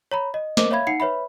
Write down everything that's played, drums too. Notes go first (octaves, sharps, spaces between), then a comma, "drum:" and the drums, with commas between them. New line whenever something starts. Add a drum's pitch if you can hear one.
C#5 A#5 B5
D#5
A#4 C5 D#5 D6, drum: snare
C#5 E5 F5 B5 G#6
D#4 F#5 C7 C#7
B4 C#5 E5 B5